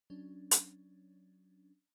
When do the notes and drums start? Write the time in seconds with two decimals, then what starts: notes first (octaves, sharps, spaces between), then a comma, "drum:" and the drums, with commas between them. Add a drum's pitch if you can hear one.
0.10 F#3 C#4 D4
0.51 drum: hi-hat